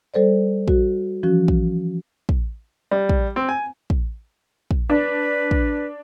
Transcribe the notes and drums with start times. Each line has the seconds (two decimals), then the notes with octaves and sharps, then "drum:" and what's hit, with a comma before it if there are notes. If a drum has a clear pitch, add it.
0.14 G3 A4 C5 D5
0.68 F#4, drum: kick
1.23 E3 F3 C#4 F#4
1.48 drum: kick
2.29 drum: kick
2.91 G3
3.09 drum: kick
3.36 C4
3.49 G#5
3.90 drum: kick
4.71 drum: kick
4.90 D4 B4
5.51 drum: kick